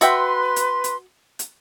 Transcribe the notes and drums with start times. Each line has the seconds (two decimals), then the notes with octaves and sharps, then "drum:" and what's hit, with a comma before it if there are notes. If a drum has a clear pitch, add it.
0.01 F#4 B4 E5 G5 C6, drum: hi-hat
0.56 drum: hi-hat
0.84 drum: hi-hat
1.39 drum: hi-hat